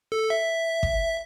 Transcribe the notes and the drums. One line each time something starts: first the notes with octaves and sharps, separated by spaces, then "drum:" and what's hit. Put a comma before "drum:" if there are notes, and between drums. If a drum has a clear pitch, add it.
A4
E5
drum: kick